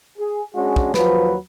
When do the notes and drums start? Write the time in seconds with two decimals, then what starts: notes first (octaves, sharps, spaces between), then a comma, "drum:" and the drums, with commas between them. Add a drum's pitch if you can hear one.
0.18 G#4
0.55 G#3 C#4 D4 F#4 G#4
0.76 drum: kick
0.94 D#2 F3 F#3 B4, drum: snare